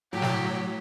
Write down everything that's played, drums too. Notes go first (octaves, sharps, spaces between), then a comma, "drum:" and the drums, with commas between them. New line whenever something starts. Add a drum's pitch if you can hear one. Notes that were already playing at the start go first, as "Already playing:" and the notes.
A2 F#3 G4
drum: snare